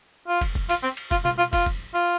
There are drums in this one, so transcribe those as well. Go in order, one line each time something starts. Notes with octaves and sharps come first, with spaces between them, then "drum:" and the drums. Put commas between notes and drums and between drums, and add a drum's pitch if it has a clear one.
F4
drum: kick, cymbal
drum: kick
F4, drum: cymbal
C4
drum: cymbal
F4, drum: kick
F4, drum: tom B2
F4
F4, drum: kick, cymbal
drum: kick
F4